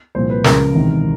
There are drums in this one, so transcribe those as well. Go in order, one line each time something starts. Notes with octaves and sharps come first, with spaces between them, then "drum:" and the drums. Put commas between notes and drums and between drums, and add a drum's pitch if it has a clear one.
C2 A#2 F3 C5
B4
C#2 C#3 F3 A#4, drum: snare
E1 E2 C3 D#3